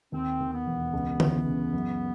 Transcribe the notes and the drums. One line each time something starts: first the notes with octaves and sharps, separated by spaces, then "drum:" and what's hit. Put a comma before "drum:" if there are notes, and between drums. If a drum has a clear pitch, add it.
D#2 C4
D#2
B3
E1
C#2
E3, drum: tom D3
C#3
F#2